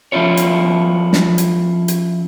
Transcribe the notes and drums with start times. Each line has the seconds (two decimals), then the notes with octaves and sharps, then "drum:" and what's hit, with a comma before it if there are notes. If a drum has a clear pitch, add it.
0.12 F3 C4 C#4 E4 F4 C#5
0.37 drum: hi-hat
1.13 drum: snare
1.38 drum: hi-hat
1.88 drum: hi-hat